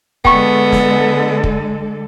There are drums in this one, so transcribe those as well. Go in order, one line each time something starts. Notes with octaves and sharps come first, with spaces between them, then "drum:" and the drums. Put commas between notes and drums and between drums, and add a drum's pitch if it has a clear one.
D3 G#3 B3 A4 G5 C#6, drum: kick
drum: snare
drum: kick